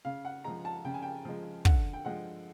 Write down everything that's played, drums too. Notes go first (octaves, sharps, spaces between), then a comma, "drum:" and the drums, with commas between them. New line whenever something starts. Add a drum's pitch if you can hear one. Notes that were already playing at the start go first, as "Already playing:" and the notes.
C#3 F5
F#5
F3 G#3 A#5
A5
C#3 G5
G#5
G5
F3 G#3
D3 F#5, drum: kick
G5
F3 G#3 F#5